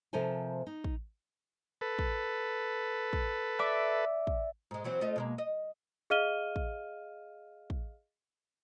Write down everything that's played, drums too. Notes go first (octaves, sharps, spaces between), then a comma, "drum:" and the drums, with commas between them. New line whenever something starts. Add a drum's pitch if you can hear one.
C3 F3 A4 A#4 C5 G#5
D#4
drum: kick
A4 B4
drum: kick
drum: kick
D5 E5 D6
drum: kick
G#2 G#3
E3 F#3 C4
A3 F4 D#5
B2 G#3 A#3
D#5
G#4 D#5 F5 F6 D#7 G7
drum: kick
drum: kick